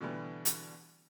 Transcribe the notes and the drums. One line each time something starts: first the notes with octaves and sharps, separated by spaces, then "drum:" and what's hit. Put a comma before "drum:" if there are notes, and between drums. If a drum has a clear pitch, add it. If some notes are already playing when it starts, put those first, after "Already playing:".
B2 D3 E3 G3 B3
drum: hi-hat